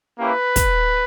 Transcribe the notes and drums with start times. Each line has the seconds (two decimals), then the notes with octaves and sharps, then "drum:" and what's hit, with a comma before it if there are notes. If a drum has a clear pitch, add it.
0.18 A#3 C#4 E4 G4 B4
0.56 drum: kick, hi-hat